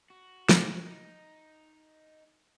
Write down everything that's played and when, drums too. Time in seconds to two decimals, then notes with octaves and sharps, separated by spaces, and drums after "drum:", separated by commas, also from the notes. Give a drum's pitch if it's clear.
0.10 F#4
0.49 drum: snare
0.86 D#4